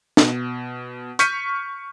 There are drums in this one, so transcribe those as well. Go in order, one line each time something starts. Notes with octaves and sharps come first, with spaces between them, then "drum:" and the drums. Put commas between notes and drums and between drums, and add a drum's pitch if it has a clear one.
B2, drum: snare
C#6 F6 G6 B6 C#7 D#7, drum: hi-hat